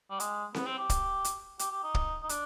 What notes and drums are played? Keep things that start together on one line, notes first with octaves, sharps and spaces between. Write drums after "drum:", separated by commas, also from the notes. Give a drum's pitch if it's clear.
G3
G#3, drum: hi-hat
B3, drum: snare C4
C4
G4
drum: kick, hi-hat
drum: hi-hat
G4, drum: hi-hat
G4
D#4
drum: kick
D#4
D4, drum: hi-hat